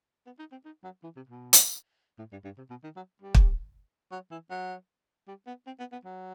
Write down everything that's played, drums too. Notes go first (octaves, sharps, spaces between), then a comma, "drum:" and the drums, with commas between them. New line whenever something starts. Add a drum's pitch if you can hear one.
B3
D#4
C4
D#4
F#3
E3
C3
B2
drum: hi-hat
A2
G2
G2
C3
B2
D#3
F#3
G3
drum: kick
F#3
E3
F#3
G3
B3
C4
B3
B3
F#3